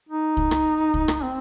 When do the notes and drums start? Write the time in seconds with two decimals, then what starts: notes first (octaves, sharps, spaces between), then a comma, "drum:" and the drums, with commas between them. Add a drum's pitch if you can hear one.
0.09 D#4
0.37 drum: kick C2
0.51 drum: rim click
0.94 drum: kick C2
1.08 drum: rim click
1.23 C4